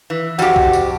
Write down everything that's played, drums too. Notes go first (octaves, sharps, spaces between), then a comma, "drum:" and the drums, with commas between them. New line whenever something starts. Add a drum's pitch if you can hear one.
E3
F2 F#4 G4, drum: tambourine
drum: kick B1
drum: tambourine